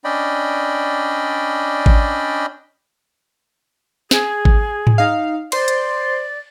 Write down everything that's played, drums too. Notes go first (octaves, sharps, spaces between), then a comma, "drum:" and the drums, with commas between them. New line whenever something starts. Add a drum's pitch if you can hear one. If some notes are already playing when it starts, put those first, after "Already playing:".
C#4 D4 D5 D#5 G5 B5
drum: kick G#1
G#4, drum: snare
drum: kick G#1
drum: tom G#2
D#4 F5
C5 D5 C6, drum: cymbal
drum: hi-hat